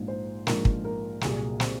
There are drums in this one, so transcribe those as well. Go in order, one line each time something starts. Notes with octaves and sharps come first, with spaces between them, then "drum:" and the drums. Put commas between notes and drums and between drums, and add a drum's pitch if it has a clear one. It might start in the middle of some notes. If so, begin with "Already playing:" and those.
Already playing: A#1 G#2 F3
C5
A#1 G#2 F3 A#4, drum: snare
drum: kick
A#4
C2 A#2 F#3 G#4, drum: snare
C4, drum: snare